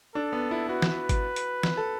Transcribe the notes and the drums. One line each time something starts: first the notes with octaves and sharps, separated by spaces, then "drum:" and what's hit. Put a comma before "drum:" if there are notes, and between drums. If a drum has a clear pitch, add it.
D4 A4
B3
E4
F#4 B4
drum: snare
drum: kick G#1, hi-hat
drum: hi-hat
drum: snare
A4